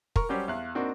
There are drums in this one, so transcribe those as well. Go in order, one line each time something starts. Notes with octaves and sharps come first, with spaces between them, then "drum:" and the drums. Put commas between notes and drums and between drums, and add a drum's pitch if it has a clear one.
A#4 C#6, drum: kick
F#3 G3 C#4 G4 C5
E2 F5 F#6
A#3 C4 D4 D#4 F#4